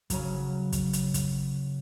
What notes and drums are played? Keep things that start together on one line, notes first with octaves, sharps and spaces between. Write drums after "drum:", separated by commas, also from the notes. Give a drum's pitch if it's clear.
C#3 F#3, drum: kick, hi-hat
drum: kick, hi-hat
drum: hi-hat
drum: kick, hi-hat